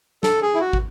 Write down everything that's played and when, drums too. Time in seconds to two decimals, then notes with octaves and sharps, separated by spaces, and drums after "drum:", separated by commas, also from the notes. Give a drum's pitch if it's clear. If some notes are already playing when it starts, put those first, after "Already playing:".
0.23 A4, drum: snare
0.42 G#4
0.54 E4
0.61 F#4
0.73 drum: kick